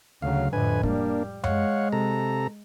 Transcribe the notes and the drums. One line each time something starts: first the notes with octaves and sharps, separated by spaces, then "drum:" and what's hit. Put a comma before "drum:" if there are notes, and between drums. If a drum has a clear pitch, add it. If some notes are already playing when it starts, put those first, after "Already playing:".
D2 C#3 F#3 F5
F2 A2 D3 B4 G#5
G3 A#3 D4, drum: kick
G#3 C#5 F5 F#5, drum: tom F#2
C3 A4 A#5